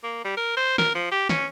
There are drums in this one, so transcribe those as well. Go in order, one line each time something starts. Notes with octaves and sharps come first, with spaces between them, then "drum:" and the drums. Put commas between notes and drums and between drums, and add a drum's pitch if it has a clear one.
A#3
G3
A#4
C5
A#4, drum: snare
F3
G4
C#4, drum: snare